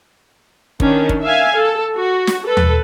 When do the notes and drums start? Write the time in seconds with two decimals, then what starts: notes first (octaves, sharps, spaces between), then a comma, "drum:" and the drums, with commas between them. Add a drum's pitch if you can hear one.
0.80 D#3 C#4 D4, drum: kick
1.09 drum: kick
1.23 E5 F5 G#5
1.56 A4
1.95 F#4
2.27 drum: snare
2.47 A4 B4
2.57 drum: tom D#2